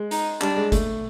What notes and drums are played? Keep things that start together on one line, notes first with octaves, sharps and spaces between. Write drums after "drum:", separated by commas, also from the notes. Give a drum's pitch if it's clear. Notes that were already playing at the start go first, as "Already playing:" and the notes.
Already playing: G#3
D#4, drum: hi-hat
G3 D4, drum: clap
G#3
A3, drum: kick F#1, hi-hat